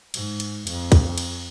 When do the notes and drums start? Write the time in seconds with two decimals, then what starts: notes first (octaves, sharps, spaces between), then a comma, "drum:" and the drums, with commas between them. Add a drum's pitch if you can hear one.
0.14 G#2, drum: cymbal
0.40 drum: cymbal
0.67 F2, drum: cymbal
0.92 drum: kick, cymbal
1.18 drum: cymbal